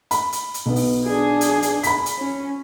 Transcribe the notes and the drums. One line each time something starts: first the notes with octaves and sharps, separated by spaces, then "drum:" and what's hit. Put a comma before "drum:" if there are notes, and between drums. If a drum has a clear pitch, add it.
B5, drum: hi-hat
drum: hi-hat
drum: hi-hat
B1 B3
drum: open hi-hat
D4 G#4
drum: hi-hat
drum: hi-hat
B5 B6, drum: hi-hat
drum: hi-hat
C#4